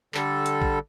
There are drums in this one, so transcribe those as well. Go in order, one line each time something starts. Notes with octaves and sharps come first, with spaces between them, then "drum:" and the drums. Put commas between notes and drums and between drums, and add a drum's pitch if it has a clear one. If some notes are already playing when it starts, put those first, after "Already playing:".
D3 G3 A4, drum: clap
drum: hi-hat
drum: kick